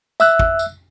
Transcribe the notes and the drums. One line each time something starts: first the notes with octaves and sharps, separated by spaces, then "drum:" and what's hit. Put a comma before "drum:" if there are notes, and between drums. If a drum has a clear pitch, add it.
E5 E6 F#6, drum: tambourine
drum: kick
drum: tambourine